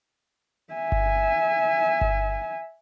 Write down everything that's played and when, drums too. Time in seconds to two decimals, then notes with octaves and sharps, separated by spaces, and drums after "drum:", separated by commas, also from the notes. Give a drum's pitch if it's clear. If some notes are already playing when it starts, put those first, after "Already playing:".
0.74 E5 G#5
0.92 drum: kick G1
2.01 drum: kick G1